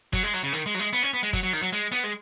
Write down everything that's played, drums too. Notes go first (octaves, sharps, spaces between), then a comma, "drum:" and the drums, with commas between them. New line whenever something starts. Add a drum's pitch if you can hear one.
F#3, drum: kick F#1, hi-hat
G#3
F#3, drum: hi-hat
C#3
D#3, drum: hi-hat
G#3
F#3, drum: hi-hat
G#3
B3, drum: hi-hat
C#4
B3
G#3
F#3, drum: kick F#1, hi-hat
F#3
D#3, drum: hi-hat
F#3
G#3, drum: hi-hat
B3, drum: hi-hat
G#3